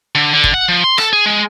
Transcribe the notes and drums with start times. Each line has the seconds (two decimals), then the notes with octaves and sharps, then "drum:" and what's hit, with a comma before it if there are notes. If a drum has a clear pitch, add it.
0.15 D3
0.33 D3
0.44 drum: kick
0.54 F#5
0.69 F3
0.84 C6
0.98 A4, drum: rim click
1.13 G#4
1.26 G#3